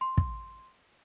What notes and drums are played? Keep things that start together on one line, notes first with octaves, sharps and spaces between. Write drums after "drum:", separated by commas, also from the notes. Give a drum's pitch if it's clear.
C6
drum: kick